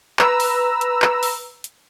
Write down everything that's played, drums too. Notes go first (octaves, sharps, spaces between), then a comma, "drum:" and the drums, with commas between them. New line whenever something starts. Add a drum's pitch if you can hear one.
B4 A#5 E6, drum: clap
drum: open hi-hat
drum: hi-hat
drum: clap
drum: open hi-hat
drum: hi-hat